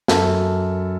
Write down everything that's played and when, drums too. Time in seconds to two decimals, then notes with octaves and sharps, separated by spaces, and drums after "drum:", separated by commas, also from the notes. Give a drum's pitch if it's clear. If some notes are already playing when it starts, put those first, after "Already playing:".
0.08 F#2 A4, drum: snare